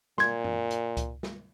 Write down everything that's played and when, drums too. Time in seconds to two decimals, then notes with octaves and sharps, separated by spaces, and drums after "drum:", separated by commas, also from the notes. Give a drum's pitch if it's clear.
0.18 A#2 C6 G#6, drum: snare
0.44 drum: tom
0.71 drum: hi-hat
0.97 drum: kick C#2, hi-hat
1.23 drum: snare